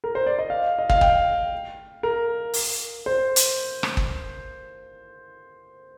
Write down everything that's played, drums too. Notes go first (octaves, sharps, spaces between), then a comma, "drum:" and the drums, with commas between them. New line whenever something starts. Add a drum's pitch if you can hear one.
A#4
C5
D5
D#5
F5
D#5
F5, drum: kick
G5, drum: kick
A#4
drum: open hi-hat
C5
drum: hi-hat
drum: rim click
drum: kick